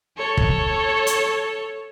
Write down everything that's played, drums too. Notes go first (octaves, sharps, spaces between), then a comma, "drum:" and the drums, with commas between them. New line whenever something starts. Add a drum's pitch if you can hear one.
A4 C#5
drum: kick
drum: hi-hat